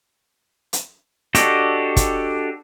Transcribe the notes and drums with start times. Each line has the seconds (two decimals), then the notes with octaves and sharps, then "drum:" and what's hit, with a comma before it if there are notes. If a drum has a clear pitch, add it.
0.73 drum: hi-hat
1.35 D4 F#4 G4 A4 D#5, drum: hi-hat
1.96 drum: kick, hi-hat